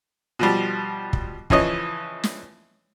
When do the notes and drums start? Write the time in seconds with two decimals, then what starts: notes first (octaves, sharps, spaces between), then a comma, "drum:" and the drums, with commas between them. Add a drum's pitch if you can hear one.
0.39 B2 F3 G3
1.13 drum: kick
1.50 C#3 E3 F3 C#5 D#5, drum: kick
2.24 drum: snare